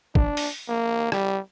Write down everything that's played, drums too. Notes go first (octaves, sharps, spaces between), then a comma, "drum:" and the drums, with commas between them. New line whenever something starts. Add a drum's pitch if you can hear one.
D4, drum: kick
drum: open hi-hat
A#3
G3, drum: rim click